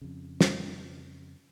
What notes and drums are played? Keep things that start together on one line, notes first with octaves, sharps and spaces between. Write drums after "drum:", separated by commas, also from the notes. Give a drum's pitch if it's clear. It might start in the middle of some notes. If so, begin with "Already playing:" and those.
F2 C#3
drum: snare